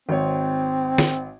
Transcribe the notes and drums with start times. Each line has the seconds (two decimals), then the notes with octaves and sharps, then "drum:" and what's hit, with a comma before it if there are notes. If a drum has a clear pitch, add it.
0.09 G#1 C4 C#5
0.98 drum: snare